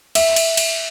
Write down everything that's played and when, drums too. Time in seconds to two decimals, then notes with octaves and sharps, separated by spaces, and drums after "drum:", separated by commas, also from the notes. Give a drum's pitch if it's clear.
0.15 E5, drum: cymbal
0.36 drum: cymbal
0.57 drum: cymbal